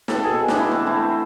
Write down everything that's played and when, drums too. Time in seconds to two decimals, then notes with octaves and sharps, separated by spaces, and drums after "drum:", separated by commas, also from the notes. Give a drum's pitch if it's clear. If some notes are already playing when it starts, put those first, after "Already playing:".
0.08 C4 A4, drum: snare
0.23 B2 G#4
0.39 B2
0.48 D4, drum: snare
0.55 A3 E4
0.70 E3 C4
0.86 A3 E4
1.02 E3